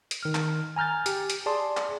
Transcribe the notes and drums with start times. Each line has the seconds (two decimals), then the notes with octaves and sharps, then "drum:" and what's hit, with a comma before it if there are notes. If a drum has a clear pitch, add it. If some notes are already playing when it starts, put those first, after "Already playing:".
0.11 drum: hi-hat
0.23 D#3 F6
0.35 drum: clap
0.76 G#5 A#5 F6 G6 A6
1.06 G4, drum: hi-hat
1.30 drum: hi-hat
1.46 G#4 D5 A5 C6
1.77 drum: clap